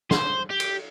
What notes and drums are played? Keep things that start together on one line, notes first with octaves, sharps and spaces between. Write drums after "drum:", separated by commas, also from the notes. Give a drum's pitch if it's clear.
C5, drum: snare
G4
drum: cymbal